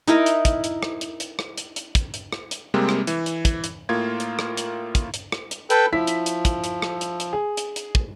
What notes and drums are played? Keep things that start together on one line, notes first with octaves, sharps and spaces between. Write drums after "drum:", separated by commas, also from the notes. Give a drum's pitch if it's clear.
D#4 E4 A#4, drum: hi-hat
drum: hi-hat
drum: kick, hi-hat
drum: hi-hat
drum: rim click
drum: hi-hat
drum: hi-hat
drum: rim click
drum: hi-hat
drum: hi-hat
drum: kick, hi-hat
drum: hi-hat
drum: rim click
drum: hi-hat
C3 G3 G#3 A#3 C4
drum: rim click
E3, drum: hi-hat
drum: hi-hat
drum: kick, hi-hat
drum: hi-hat
A2 A#3 F4 G#6
drum: hi-hat
drum: rim click
drum: hi-hat
drum: kick, hi-hat
drum: hi-hat
drum: rim click
drum: hi-hat
A4 B4 G5, drum: hi-hat
F3 E4 B6
drum: hi-hat
drum: hi-hat
drum: kick, hi-hat
drum: hi-hat
drum: rim click
drum: hi-hat
drum: hi-hat
G#4
drum: hi-hat
drum: hi-hat
drum: kick